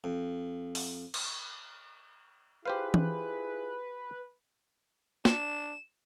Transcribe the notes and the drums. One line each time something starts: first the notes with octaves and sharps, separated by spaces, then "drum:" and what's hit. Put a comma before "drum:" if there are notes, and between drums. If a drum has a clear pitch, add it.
F2
drum: open hi-hat
drum: cymbal
E4 F4 G4 G#4 B4 C5 F5
drum: tom E3
D4 E7, drum: snare